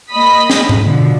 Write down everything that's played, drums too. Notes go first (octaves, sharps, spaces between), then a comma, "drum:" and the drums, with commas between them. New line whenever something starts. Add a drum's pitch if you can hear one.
A#3 D#5 B5 D#6 B6
drum: snare
drum: tom G#2
B2 D3 F3